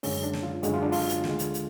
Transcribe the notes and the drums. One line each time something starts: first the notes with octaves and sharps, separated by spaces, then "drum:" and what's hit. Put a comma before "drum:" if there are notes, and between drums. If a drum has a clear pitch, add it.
F#2 D3 G#3 C#4, drum: open hi-hat
D4
drum: snare
F4
F#2 D3 G#3 F#4, drum: hi-hat
F4
D4
F4, drum: open hi-hat
drum: hi-hat
D2 D3 G#3, drum: snare
drum: hi-hat
drum: hi-hat